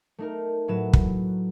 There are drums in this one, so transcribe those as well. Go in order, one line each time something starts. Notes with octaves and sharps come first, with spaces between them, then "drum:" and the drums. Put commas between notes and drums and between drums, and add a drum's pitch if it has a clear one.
A3 D#4 A#4
A2 F#3 B4 E7
drum: kick